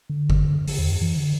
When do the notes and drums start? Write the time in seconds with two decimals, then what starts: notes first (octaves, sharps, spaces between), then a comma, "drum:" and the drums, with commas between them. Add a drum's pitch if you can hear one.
0.10 D3
0.30 drum: kick G1
0.68 D3, drum: open hi-hat
0.79 E2
0.90 F#2
1.02 E3
1.17 D3